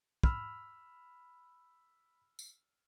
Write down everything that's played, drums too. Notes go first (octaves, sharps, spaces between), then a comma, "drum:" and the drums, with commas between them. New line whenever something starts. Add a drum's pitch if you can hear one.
B5 E6 F6, drum: kick
drum: tambourine